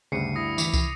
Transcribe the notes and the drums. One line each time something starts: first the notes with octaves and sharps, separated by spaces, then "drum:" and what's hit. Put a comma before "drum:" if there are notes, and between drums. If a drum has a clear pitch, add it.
D2 G2 C#3 C7 C#7 D#7
E4 D#6 A#6
E3 D6 C#7 F7, drum: tambourine
drum: kick, tambourine